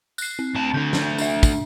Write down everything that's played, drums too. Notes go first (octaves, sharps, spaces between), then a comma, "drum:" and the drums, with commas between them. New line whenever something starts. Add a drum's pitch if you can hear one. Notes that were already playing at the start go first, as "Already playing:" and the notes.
F#6 C7, drum: tambourine
C4
D2 A5
D2 D3 G6
drum: snare
D4 E5, drum: tambourine
drum: kick, tambourine